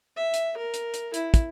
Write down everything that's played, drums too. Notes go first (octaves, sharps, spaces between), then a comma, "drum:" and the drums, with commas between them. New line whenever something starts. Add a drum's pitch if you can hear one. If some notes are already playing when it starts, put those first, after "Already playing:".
E5
drum: hi-hat
A#4
drum: hi-hat
drum: hi-hat
E4, drum: hi-hat
drum: kick, hi-hat